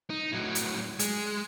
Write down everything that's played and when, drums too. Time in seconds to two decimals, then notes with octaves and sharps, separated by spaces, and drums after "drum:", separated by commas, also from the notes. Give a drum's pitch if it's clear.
0.10 D#4
0.32 A2 F#3
0.55 drum: hi-hat
0.99 G#3, drum: hi-hat